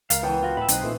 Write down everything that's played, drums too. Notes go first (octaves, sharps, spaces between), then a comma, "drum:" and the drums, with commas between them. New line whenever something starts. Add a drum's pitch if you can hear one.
C#2 A#4 F5, drum: hi-hat
E3 B3 C#5 G5 A5 D#6
F4 F#4
A2 E5 F5 A5 B5
B1 C4 D#4 C5 D#5 F#6, drum: hi-hat
A#2 E3 A3